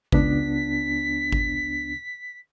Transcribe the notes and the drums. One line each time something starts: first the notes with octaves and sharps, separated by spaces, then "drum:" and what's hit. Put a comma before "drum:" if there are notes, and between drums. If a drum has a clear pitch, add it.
C#2 B3 D4 B6, drum: kick G#1
drum: kick G#1